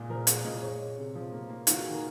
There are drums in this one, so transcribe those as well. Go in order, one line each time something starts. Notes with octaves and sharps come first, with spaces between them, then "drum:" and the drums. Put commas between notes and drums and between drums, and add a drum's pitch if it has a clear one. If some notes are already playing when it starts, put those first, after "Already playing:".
Already playing: A#2 G#3 G#4
F3 A#4
G#3 A#4, drum: hi-hat
A#2 D#5
G#3 C#5
G#3
C3
F3
A#3
A#3
D#3 F4, drum: hi-hat
F#4
D#3 G#4
A#4